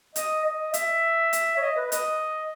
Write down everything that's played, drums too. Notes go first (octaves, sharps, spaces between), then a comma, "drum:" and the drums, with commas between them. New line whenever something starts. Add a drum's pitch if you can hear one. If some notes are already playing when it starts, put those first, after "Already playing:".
D#5, drum: hi-hat
D#5
E5, drum: hi-hat
drum: hi-hat
C#5
D#5
B4
D#5, drum: hi-hat